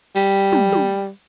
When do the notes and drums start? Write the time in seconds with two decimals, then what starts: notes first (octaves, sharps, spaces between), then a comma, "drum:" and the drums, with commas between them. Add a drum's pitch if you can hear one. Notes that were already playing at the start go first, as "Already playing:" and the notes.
0.16 G3, drum: cymbal
0.53 drum: tom
0.73 drum: tom